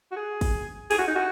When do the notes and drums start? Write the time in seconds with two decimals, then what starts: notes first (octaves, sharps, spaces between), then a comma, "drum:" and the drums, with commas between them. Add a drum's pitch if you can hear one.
0.12 F#4
0.17 G#4
0.41 drum: kick, open hi-hat
0.91 G#4, drum: open hi-hat
0.99 F#4
1.08 D#4
1.16 F#4